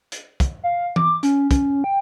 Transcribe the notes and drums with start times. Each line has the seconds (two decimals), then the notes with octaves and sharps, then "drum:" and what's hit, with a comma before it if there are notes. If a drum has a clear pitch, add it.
0.12 drum: hi-hat
0.40 drum: kick, hi-hat
0.64 F5
0.96 D6, drum: tom E3
1.23 C#4, drum: hi-hat
1.51 C#4, drum: kick, hi-hat
1.84 G5